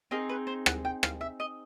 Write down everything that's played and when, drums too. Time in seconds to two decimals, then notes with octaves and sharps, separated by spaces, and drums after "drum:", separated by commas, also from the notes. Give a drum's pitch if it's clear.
0.11 C4 D#4 G#4 A#4
0.29 B4
0.47 C5
0.66 F#5, drum: rim click
0.85 G5
1.03 F5, drum: rim click
1.21 E5
1.40 D#5